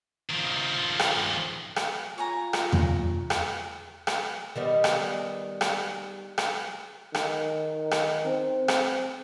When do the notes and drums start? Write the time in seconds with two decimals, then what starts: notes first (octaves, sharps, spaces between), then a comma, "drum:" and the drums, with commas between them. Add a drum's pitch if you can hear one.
0.30 D#3 F3
0.99 drum: rim click
1.76 drum: rim click
2.18 F4 C#5 G#5 A#5
2.53 drum: rim click
2.72 drum: tom E2
3.30 drum: rim click
4.07 drum: rim click
4.56 D#3 G3 B3
4.84 drum: rim click
5.61 drum: rim click
6.38 drum: rim click
7.14 D#3, drum: rim click
7.91 drum: rim click
8.25 C4
8.68 drum: rim click